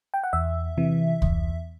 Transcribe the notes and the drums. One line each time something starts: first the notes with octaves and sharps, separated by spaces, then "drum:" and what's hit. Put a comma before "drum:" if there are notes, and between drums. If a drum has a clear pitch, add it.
G5
F#5
E2 E5
C3 E3
E2, drum: kick C2